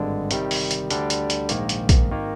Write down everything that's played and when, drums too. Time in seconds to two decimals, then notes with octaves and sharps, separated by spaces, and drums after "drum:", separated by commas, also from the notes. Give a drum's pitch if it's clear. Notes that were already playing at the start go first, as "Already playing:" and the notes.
Already playing: G#1 G2 D3 G#3 D4
0.31 C3 D#3 G3, drum: hi-hat
0.51 drum: open hi-hat
0.71 drum: hi-hat
0.90 D2 D3 G3 D4, drum: hi-hat
1.10 drum: hi-hat
1.30 drum: hi-hat
1.49 A#1 G#2 D#3 A#3, drum: hi-hat
1.69 drum: hi-hat
1.89 drum: kick, hi-hat
2.09 G#1 D#3 A#3